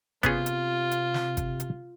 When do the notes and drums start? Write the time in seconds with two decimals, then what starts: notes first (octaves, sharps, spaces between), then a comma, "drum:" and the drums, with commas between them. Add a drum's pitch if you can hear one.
0.23 C3 B3 C#4 F4 G#4, drum: kick G1, hi-hat
0.46 drum: hi-hat
0.91 drum: hi-hat
1.14 drum: snare
1.37 drum: kick G1, hi-hat
1.60 drum: hi-hat